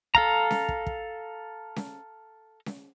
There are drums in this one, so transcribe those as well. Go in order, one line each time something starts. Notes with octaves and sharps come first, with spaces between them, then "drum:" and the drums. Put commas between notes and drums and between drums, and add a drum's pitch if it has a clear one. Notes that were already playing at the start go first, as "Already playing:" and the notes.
A4 F5 A#5, drum: kick
drum: snare C#4
drum: kick
drum: kick
drum: snare C#4
drum: snare C#4